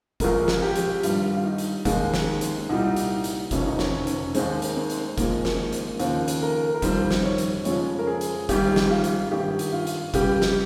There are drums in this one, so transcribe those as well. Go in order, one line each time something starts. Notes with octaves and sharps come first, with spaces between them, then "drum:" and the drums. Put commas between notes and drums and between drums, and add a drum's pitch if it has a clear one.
A#1 A#2 G#3 A#4, drum: kick G1, hi-hat
drum: snare
G4
drum: hi-hat
G#1 G2 G3 F4, drum: hi-hat
F4
D#4
drum: hi-hat
D#2 D#3 G#3, drum: kick G1, hi-hat
drum: snare
drum: hi-hat
C2 A#2 G3 D#4
drum: hi-hat
drum: hi-hat
F1 F2 C3 D#3 C#4, drum: kick G1, hi-hat
D#4
C#4, drum: snare
drum: hi-hat
D#2 D#3 G#3 C4, drum: hi-hat
drum: hi-hat
C4
drum: hi-hat
G#1 G#2 F3 G#3 A#3, drum: kick G1, hi-hat
drum: snare
drum: hi-hat
D#2 C#3 F3 C4, drum: hi-hat
drum: hi-hat
A#4
A#4
F2 D#3 G3 C5, drum: kick G1, hi-hat
drum: snare
C#5
drum: hi-hat
F2 C#3 F3 G#3 C#5, drum: hi-hat
A#4
G#4
drum: hi-hat
G#1 G#2 G3 G4, drum: kick G1, hi-hat
drum: snare
F4
drum: hi-hat
G#1 G2 D#3 G4
drum: hi-hat
F4
drum: hi-hat
C#2 C#3 G3 G4, drum: kick G1, hi-hat
drum: snare